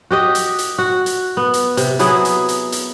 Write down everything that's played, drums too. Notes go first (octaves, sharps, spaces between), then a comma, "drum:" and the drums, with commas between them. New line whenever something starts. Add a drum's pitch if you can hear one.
F#4 G4 D#5
drum: hi-hat
drum: hi-hat
F#4
drum: hi-hat
B3
drum: hi-hat
C3, drum: hi-hat
F#3 B3 E4 G#4, drum: hi-hat
drum: hi-hat
drum: hi-hat
drum: hi-hat